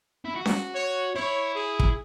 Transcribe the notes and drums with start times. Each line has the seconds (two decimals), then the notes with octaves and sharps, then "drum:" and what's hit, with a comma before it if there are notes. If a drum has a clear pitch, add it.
0.25 E4
0.35 F#4
0.46 drum: snare C#4
0.75 C#5
1.15 E4 C#5
1.55 G#4
1.79 drum: kick